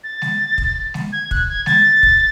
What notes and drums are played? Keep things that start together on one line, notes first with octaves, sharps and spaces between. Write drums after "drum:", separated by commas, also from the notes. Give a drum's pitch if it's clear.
A6
drum: snare G#3
drum: kick
drum: snare G#3
G#6
F#6, drum: kick
G#6
A6, drum: snare G#3
drum: kick